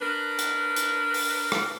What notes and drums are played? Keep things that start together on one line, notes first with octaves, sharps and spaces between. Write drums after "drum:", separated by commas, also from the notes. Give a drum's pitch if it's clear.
D4 A#4 B4
drum: hi-hat
drum: hi-hat
drum: open hi-hat
drum: rim click